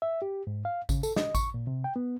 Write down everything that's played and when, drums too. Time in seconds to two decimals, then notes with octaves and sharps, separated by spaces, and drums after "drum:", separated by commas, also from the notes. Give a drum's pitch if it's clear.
0.02 E5
0.22 G4
0.47 G#2
0.65 F5
0.89 C#3, drum: kick A1, tambourine
1.03 A4, drum: tambourine
1.16 D#5, drum: snare
1.35 C#6, drum: kick A1, tambourine
1.54 A#2
1.67 C3
1.84 G5
1.96 B3